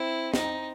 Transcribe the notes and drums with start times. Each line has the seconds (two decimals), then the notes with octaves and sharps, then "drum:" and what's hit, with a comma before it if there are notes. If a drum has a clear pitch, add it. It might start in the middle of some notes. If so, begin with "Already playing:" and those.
Already playing: C4 E4
0.34 D#4, drum: snare